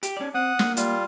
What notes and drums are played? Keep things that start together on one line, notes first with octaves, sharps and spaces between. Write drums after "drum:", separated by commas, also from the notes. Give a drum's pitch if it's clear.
G4, drum: hi-hat
C#4 D5
C4 F#5 D#6
A#3, drum: snare
G3 F4, drum: hi-hat